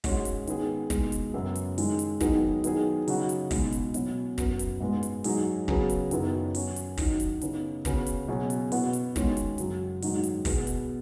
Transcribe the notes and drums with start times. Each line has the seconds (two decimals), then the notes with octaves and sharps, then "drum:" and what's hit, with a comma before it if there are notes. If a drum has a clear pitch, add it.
0.04 G#2 G#3 C#4 F#4, drum: kick, open hi-hat
0.25 drum: hi-hat
0.47 D#3 B3 G#4, drum: hi-hat
0.90 B2 G#3 D#4 G#4, drum: kick, hi-hat
1.12 drum: hi-hat
1.34 F#2 C#3 B3 F#4
1.55 drum: hi-hat
1.78 D#3 G#3 D#4 G#4, drum: open hi-hat
1.99 drum: hi-hat
2.20 D#3 F#3 B3 D#4 G#4, drum: kick, hi-hat
2.64 D#3 F#3 B3 D#4 G#4, drum: hi-hat
3.08 C#3 F#3 D#4 F#4, drum: open hi-hat
3.29 drum: hi-hat
3.51 B2 G#3 D#4, drum: kick, open hi-hat
3.72 drum: hi-hat
3.94 B2 F#3 C#4, drum: hi-hat
4.38 F#2 F#3 B3, drum: kick, hi-hat
4.59 drum: hi-hat
4.80 G#2 G#3 B3
5.03 drum: hi-hat
5.24 G#2 F#3 D#4 G#4, drum: open hi-hat
5.68 C#3 F#3 B3 G#4, drum: kick
5.90 drum: hi-hat
6.11 F#2 D#3 F#3 B3 D#4, drum: hi-hat
6.55 F#3 C#4 F#4, drum: open hi-hat
6.76 drum: hi-hat
6.97 D#3 F#3 D#4, drum: kick, open hi-hat
7.20 drum: hi-hat
7.41 C#3 B3 D#4, drum: hi-hat
7.85 C#3 B3 F#4, drum: kick, hi-hat
8.07 drum: hi-hat
8.28 B2 F#3 C#4 G#4
8.50 drum: hi-hat
8.72 B2 B3 F#4, drum: open hi-hat
8.93 drum: hi-hat
9.16 D#3 G#3 C#4 F#4, drum: kick, hi-hat
9.37 drum: hi-hat
9.58 F#2 C#3 F#3, drum: hi-hat
10.02 G#2 D#3 F#3 D#4 F#4, drum: open hi-hat
10.24 drum: hi-hat
10.45 B2 B3 G#4, drum: kick, open hi-hat
10.67 drum: hi-hat